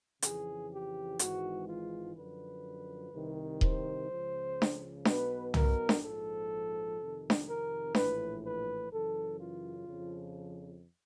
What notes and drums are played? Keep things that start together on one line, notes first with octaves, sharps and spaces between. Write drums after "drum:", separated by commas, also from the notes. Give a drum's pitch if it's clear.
F2 C#3 E3 G#4, drum: hi-hat
G4
G#1 G#2 E3 F#4, drum: hi-hat
F4
F#2 D3 F3 B4
C2 C3 D#3
C5, drum: kick D#1
C#2 C#3 F3
drum: snare D4
B1 B2 B4, drum: snare D4
A#4, drum: tom
drum: snare D4
A#1 G#2 F3 A4
F2 C3 D#3
drum: snare D4
A#4
A#1 A2 E3 B4, drum: snare D4
B4
F#2 C#3 E3 A4
F4
F2 C#3 F3